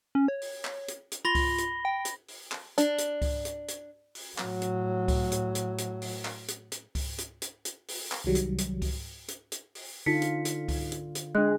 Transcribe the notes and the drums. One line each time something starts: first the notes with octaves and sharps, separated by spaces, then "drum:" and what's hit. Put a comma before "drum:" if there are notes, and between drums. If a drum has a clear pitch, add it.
C#4
C#5
drum: open hi-hat
drum: clap
drum: hi-hat
drum: hi-hat
F4 B5 A#6 G7
drum: kick C#2, open hi-hat
drum: hi-hat
G5
drum: hi-hat
drum: open hi-hat
drum: clap
D4, drum: hi-hat
drum: hi-hat
drum: kick C#2, open hi-hat
drum: hi-hat
drum: hi-hat
drum: open hi-hat
A2 F#3, drum: clap
drum: hi-hat
drum: kick C#2, open hi-hat
drum: hi-hat
drum: hi-hat
drum: hi-hat
drum: open hi-hat
drum: clap
drum: hi-hat
drum: hi-hat
drum: kick C#2, open hi-hat
drum: hi-hat
drum: hi-hat
drum: hi-hat
drum: open hi-hat
drum: clap
C2 D#3 F#3 G3
drum: hi-hat
drum: hi-hat
drum: kick C#2, open hi-hat
drum: hi-hat
drum: hi-hat
drum: open hi-hat
D3 D#4 F4 B6 C#7
drum: hi-hat
drum: hi-hat
drum: kick C#2, open hi-hat
drum: hi-hat
drum: hi-hat
G#3 D4 F#6